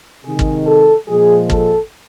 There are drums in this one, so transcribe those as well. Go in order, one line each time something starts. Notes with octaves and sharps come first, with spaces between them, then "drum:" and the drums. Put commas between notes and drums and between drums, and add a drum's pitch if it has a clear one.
C3 D#3 G#3 G#4
drum: kick
A4
A#2 F3 G#3 G#4
A4, drum: kick